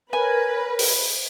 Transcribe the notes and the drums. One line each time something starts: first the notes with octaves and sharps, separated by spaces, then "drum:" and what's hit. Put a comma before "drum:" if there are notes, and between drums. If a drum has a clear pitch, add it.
A#4 B4 C#5 G#5
drum: open hi-hat